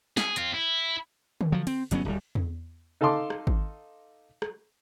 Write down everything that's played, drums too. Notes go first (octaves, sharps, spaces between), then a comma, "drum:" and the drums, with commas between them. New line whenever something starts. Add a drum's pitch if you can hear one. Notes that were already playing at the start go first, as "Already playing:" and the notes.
G#4, drum: snare
C4 F4, drum: hi-hat
E4
drum: tom D3
F3 F#3
C4, drum: cymbal
G1 F#3 B3 C#4, drum: hi-hat
D1 G3
drum: tom E2
D#4 A4 F5 A5 C6 D6
drum: rim click
drum: kick G#1
drum: rim click